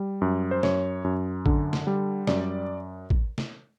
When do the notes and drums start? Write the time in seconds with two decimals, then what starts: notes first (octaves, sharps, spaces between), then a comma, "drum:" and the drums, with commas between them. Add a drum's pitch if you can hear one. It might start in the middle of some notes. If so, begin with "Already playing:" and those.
Already playing: G3
0.22 F#2
0.51 C5
0.63 F#2 C#5, drum: snare
1.04 F#2
1.46 D3, drum: kick
1.73 drum: snare
1.87 G3
2.27 F#2 D5, drum: snare
3.10 drum: kick
3.38 drum: snare